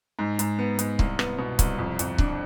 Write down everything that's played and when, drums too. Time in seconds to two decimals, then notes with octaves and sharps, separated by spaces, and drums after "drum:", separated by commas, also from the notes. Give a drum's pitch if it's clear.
0.19 G#2
0.39 G#2, drum: hi-hat
0.59 B3
0.79 G#2, drum: hi-hat
0.99 C2, drum: kick C#1
1.19 B3, drum: rim click
1.38 B2
1.59 C2, drum: kick C#1, hi-hat
1.79 F2
1.99 F2, drum: hi-hat
2.18 D4, drum: kick C#1